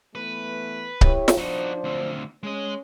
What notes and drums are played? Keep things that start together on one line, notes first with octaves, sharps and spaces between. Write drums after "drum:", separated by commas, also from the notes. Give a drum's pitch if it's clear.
E3 A3 B3 B4
E4 G4 C#5, drum: kick C#1
drum: snare
F3 D4 D#4 F#4 C5
D2 C4
G#3 C#4 D#5